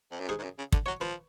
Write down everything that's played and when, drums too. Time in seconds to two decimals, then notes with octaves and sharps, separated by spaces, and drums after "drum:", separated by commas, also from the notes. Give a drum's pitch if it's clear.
0.12 F2
0.20 F#2
0.29 G#2 G#4
0.39 G#2
0.43 F#2
0.58 C#3
0.72 D3, drum: kick
0.86 F#3 C#5
1.01 F3 B4